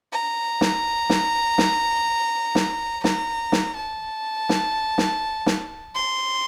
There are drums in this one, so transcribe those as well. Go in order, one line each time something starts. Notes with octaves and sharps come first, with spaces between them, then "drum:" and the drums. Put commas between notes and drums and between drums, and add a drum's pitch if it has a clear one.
A#5
drum: snare
drum: snare
drum: snare
drum: snare
A#5, drum: snare
drum: snare
A5
drum: snare
drum: snare
drum: snare
C6